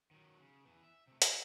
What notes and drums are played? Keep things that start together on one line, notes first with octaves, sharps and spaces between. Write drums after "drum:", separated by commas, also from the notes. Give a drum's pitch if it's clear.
D#3 F#3
C#3
E3 B3
E5
C3 A3
G4, drum: hi-hat